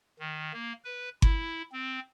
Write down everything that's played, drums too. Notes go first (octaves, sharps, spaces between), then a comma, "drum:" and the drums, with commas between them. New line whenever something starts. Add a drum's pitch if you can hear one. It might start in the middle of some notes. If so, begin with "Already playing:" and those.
D#3
A#3
B4
E4, drum: kick G1
C4